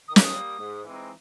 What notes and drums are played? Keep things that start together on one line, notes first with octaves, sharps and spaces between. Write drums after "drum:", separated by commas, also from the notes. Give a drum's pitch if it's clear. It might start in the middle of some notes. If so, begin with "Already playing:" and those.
D#3 D#6
D6, drum: snare
D#6
G3 A#3
G#2
E3 G#3 C4 D#4